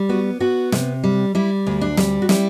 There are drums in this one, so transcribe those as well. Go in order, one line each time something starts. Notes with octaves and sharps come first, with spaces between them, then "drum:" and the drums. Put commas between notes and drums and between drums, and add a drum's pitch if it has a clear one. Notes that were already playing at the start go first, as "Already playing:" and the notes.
Already playing: G3
B3 F#4
B3 F#4
C3, drum: snare
G3
G3 E4
D2
D4
G3, drum: snare
F#4
G3 E4, drum: snare